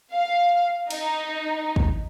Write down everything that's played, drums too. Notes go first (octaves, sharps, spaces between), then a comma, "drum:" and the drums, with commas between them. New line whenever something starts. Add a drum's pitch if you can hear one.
F5
D#4, drum: cymbal
drum: kick